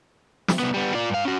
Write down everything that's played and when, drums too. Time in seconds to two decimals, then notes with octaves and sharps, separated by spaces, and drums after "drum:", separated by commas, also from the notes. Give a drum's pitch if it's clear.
0.48 drum: snare
0.59 C2 B3
0.74 G3 B3
0.94 F4 D5
1.10 G2 F5
1.25 C#4 F#4